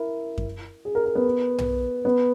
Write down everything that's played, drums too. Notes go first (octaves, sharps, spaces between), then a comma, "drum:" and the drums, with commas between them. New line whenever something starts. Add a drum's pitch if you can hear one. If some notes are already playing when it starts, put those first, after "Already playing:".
Already playing: E4 A#4
drum: kick F#2
G#4
A#4
A#4
B3
drum: tom B1
B3